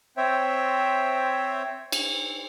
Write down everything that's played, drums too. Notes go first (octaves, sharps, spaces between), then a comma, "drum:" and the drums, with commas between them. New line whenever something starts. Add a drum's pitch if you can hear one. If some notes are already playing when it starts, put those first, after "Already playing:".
C4 C5 C#5 E5 G5
drum: cymbal